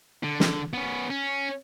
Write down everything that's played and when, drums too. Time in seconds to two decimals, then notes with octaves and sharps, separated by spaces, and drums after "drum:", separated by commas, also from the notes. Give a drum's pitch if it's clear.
0.23 D3
0.40 drum: snare
0.73 B3 C#4
1.10 C#4